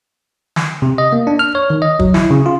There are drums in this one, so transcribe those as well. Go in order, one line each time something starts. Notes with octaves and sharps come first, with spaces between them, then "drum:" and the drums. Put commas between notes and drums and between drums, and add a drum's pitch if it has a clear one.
drum: snare
C3
D#5
A#3
D4
F6
C#5
D#3
D#5
F#3, drum: kick
E4, drum: snare
C#3
F4